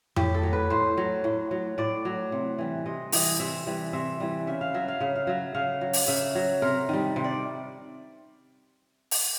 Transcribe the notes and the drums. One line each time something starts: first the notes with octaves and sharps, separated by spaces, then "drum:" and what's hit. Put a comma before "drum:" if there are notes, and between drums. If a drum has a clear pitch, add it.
A2 G4, drum: tom F2
A4
F#3
B4
A2 C5
F#3
A2
F#3
A2 D5
F#3
C3
E3 G3
C3 D#5
E3 G3 D#5, drum: open hi-hat
C3 E5
E3 G3
C3 E5
E3 G3
C#3 E5
F5
F#3 E5
F5
C#3 E5
F5
F#3 E5
C#3 F5
F#3
drum: open hi-hat
C#3 E5
F#3
C3 A#4
D#3 G3
C3
D5
drum: open hi-hat